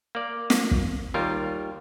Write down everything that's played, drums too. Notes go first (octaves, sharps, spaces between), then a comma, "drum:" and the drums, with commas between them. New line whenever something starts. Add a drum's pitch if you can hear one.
A#3 D5
drum: snare
drum: kick
D#2 G3 F4 A#4